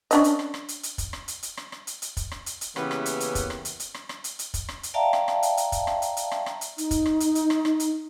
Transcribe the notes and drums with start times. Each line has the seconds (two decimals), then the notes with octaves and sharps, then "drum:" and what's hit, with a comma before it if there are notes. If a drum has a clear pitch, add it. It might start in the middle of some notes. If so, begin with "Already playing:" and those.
0.11 C#4 D4 D#5, drum: hi-hat
0.24 drum: hi-hat
0.39 drum: rim click
0.54 drum: rim click
0.69 drum: hi-hat
0.83 drum: hi-hat
0.98 drum: kick, hi-hat
1.13 drum: rim click
1.28 drum: hi-hat
1.43 drum: hi-hat
1.57 drum: rim click
1.72 drum: rim click
1.87 drum: hi-hat
2.02 drum: hi-hat
2.17 drum: kick, hi-hat
2.31 drum: rim click
2.46 drum: hi-hat
2.61 drum: hi-hat
2.76 C#3 E3 A#3 B3 C#4 G4, drum: rim click
2.91 drum: rim click
3.06 drum: hi-hat
3.20 drum: hi-hat
3.35 drum: kick, hi-hat
3.50 drum: rim click
3.65 drum: hi-hat
3.80 drum: hi-hat
3.94 drum: rim click
4.09 drum: rim click
4.24 drum: hi-hat
4.39 drum: hi-hat
4.54 drum: kick, hi-hat
4.69 drum: rim click
4.83 drum: hi-hat
4.94 D5 E5 F5 G5 A5 A#5
5.13 drum: rim click
5.28 drum: rim click
5.43 drum: hi-hat
5.57 drum: hi-hat
5.72 drum: kick, hi-hat
5.87 drum: rim click
6.02 drum: hi-hat
6.17 drum: hi-hat
6.31 drum: rim click
6.46 drum: rim click
6.61 drum: hi-hat
6.78 D#4, drum: hi-hat
6.91 drum: kick, hi-hat
7.06 drum: rim click
7.20 drum: hi-hat
7.35 drum: hi-hat
7.50 drum: rim click
7.65 drum: rim click
7.80 drum: hi-hat